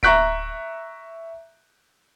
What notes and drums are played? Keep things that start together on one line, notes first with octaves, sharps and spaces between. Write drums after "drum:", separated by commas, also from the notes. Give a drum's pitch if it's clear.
E5 A#5 C#6 F#6 B6 D7, drum: kick D1